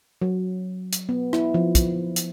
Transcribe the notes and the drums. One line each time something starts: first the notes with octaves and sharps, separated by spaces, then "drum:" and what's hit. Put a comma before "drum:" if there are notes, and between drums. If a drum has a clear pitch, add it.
F#3
drum: hi-hat
B3
E4, drum: rim click
F3
drum: kick, hi-hat
drum: hi-hat